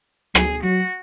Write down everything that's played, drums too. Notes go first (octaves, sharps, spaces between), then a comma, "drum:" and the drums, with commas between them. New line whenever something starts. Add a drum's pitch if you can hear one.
F#3 G#4, drum: rim click
F#3 F#4